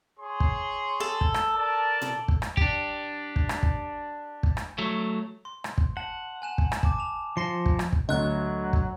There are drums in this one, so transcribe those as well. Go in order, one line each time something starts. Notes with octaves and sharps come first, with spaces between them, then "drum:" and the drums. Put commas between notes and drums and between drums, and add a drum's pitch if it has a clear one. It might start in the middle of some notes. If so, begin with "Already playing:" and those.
G#4 C#5 C6
drum: kick
A4
drum: kick
drum: rim click
A#4 D5 A5
drum: tom A#2
drum: kick
drum: rim click
D4 G4, drum: kick
drum: kick
drum: rim click
drum: kick
drum: kick
drum: rim click
F#3 A3
C6
drum: rim click
drum: kick
F#5 A5
G#5 F#6 E7
drum: kick
drum: rim click
A5 D6, drum: kick
A5 F7
F3 A5 C6 A#6 C#7
drum: kick
drum: rim click
drum: kick
D2 F#3 D#5 F#6
drum: kick